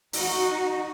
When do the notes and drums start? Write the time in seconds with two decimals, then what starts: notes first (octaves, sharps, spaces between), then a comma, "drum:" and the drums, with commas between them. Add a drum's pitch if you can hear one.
0.13 D#4 F#4, drum: open hi-hat